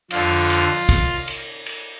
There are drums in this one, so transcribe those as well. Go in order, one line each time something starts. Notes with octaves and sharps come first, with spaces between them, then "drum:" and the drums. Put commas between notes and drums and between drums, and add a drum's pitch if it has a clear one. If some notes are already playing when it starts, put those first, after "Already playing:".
F2 D3 F4, drum: cymbal
drum: cymbal
drum: kick, cymbal
drum: cymbal
drum: cymbal